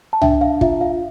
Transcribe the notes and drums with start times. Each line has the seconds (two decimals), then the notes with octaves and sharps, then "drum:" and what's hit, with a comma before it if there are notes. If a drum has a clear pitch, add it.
0.13 A5
0.22 D4 E5 G5, drum: tom
0.41 F5
0.61 F4 E5, drum: kick
0.81 F5